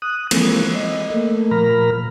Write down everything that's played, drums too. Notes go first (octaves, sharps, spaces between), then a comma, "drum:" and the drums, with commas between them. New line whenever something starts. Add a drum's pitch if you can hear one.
D#6 F#6
E3 F3 G#3 A#3 C4, drum: cymbal
D#5
A3 A#3
A#2 F3 A#4 A#5 B5 F6